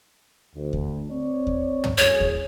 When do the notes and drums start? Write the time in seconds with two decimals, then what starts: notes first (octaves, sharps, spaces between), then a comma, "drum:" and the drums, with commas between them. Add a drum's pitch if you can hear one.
0.55 D2
0.73 drum: kick D#2
1.10 C4 C#5 D5
1.47 drum: kick D#2
1.84 drum: tom
1.98 F#2 A2 G#4 C#5
2.21 drum: kick D#2